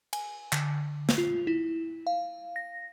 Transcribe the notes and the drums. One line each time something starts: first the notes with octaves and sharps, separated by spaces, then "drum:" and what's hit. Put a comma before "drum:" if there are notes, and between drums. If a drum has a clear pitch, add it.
G#5, drum: cymbal
D3, drum: clap
drum: snare
F4
E4
F5
A#6